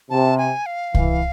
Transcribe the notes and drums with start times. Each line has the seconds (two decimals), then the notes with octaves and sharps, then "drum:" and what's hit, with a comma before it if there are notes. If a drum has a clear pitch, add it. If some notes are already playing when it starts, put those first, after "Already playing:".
0.10 C3 A5
0.38 G#5
0.66 F5
0.94 E3, drum: kick C2